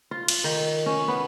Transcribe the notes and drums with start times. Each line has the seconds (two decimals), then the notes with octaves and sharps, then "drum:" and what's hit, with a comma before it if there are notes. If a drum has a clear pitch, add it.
0.11 F4
0.28 drum: cymbal
0.44 D#3
0.86 C#4
1.08 B3